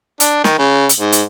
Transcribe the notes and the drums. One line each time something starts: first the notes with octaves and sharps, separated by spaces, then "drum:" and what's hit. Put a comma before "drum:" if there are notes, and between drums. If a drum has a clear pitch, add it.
D4, drum: hi-hat
D#3, drum: snare
C#3
drum: hi-hat
G#2
drum: hi-hat